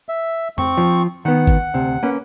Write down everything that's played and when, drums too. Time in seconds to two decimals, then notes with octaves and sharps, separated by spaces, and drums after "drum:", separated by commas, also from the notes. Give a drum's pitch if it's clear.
0.09 E5
0.58 C4 C#6, drum: tom F2
0.77 F3
1.25 D#3 B3 F#5
1.47 drum: kick G#1
1.74 D2 C3
2.03 A#3 C#4 B4